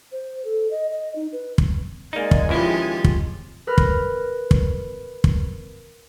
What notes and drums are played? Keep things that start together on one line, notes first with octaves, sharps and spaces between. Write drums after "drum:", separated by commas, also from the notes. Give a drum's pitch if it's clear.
C5
A4
D#5
D#5
D#4
B4
drum: kick
G#3 A#3 D#4 D5 G#5
drum: kick
C#2 D#3 F3 E4 F4 G4
drum: kick
A#4 B4 F6
drum: kick
drum: kick
drum: kick